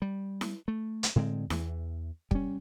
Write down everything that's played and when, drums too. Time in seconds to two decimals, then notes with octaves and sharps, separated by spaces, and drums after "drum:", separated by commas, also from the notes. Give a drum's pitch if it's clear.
0.02 G3
0.41 drum: snare E4
0.68 A3
1.03 drum: hi-hat
1.16 A2 D3 G#3 C4
1.50 E2 E3, drum: snare E4
2.31 G3 C#4, drum: kick